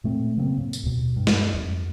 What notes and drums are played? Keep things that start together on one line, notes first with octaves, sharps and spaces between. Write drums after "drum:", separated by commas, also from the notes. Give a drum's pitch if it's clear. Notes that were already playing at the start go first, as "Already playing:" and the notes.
A#2 A3 C4
C#3 F#3 A#3 C4
A2
drum: tambourine
D#2 B2
G2
drum: snare
F2